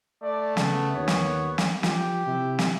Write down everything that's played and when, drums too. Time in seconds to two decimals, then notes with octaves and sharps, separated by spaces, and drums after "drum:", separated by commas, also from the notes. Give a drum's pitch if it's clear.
0.23 A3 D5
0.57 C#3 B3, drum: snare
0.96 D#2 C#5
1.08 drum: snare
1.58 drum: snare
1.83 F3 G4, drum: snare
2.27 C3 E4
2.59 drum: snare